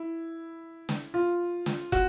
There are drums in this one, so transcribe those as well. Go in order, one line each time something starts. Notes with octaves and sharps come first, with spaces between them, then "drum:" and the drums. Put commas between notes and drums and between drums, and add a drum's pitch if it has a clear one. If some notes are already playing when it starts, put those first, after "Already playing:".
Already playing: E4
drum: snare
F4
drum: snare
F#4, drum: kick